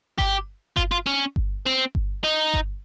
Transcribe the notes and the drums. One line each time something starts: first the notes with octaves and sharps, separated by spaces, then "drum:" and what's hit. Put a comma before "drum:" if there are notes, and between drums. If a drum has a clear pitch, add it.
G4, drum: kick G1
F4, drum: kick G1
F4
C#4
drum: kick G1
C4
drum: kick G1
D#4
drum: kick G1